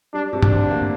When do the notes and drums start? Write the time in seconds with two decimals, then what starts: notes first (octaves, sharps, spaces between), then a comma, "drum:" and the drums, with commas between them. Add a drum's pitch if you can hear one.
0.13 G3 D4
0.33 C3
0.43 D4, drum: tom G2
0.52 D2
0.71 A#3